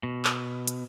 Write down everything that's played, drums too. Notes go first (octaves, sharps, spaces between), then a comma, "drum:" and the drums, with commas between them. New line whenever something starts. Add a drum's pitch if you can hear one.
B2
drum: clap
drum: hi-hat